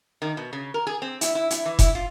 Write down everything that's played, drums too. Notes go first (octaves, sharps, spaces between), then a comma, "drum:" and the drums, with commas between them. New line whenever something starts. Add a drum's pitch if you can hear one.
D#3
B2
C#3
A#4
G#4
C4
E4, drum: hi-hat
E4
E4, drum: hi-hat
E3
E4, drum: kick F1, hi-hat
F4